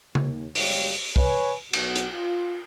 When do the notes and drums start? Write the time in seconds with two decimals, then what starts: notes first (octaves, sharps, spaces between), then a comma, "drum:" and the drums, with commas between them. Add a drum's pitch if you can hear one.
0.15 D#2, drum: tom C#3
0.55 F#1 G3 G#3 G4 C#5 F5, drum: open hi-hat
1.16 B4 C#5 G#5, drum: kick
1.73 B1 B3 F#4, drum: cymbal
1.96 drum: hi-hat
2.13 F4